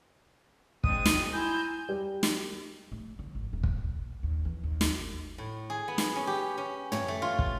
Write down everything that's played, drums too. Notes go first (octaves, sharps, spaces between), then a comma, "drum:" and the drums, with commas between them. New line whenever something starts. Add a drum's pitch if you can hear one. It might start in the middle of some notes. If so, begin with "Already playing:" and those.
G#3 C4 D4 D#6 D#7, drum: kick
drum: snare
E4 G#5 A#5 C6 E6 G6
G3
drum: snare
A3
D3
G#1
D#1
drum: kick
A#1
D#2
E3
D#2
drum: snare
G1
A2
G#4
B3
drum: snare
C#4
G4
C#4
C#5, drum: tom
A3
F4
drum: kick